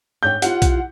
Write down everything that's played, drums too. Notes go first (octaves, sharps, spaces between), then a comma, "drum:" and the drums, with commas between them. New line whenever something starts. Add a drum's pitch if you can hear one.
G#2 C#5 G5 G6
E4 F4 G4 F#5, drum: hi-hat
drum: kick B1, hi-hat